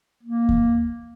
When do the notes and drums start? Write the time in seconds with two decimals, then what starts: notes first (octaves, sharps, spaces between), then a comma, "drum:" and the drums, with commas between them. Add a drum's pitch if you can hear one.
0.23 A#3
0.49 drum: kick D#2